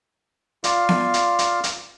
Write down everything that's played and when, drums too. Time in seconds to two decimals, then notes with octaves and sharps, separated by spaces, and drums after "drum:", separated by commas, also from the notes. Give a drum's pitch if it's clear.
0.64 F4 D5 F5, drum: hi-hat
0.89 drum: snare B3
1.14 drum: hi-hat
1.39 drum: hi-hat
1.64 drum: hi-hat